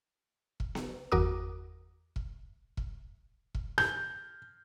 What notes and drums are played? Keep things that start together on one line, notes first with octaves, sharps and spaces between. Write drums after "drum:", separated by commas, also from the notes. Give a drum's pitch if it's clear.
drum: kick
drum: snare B3
G1 E2 F#4 A#4 D6 D#6
drum: kick
drum: kick
drum: kick
G6, drum: rim click